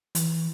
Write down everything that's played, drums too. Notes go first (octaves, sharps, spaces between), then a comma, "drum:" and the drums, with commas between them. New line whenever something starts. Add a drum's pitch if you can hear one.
E3, drum: hi-hat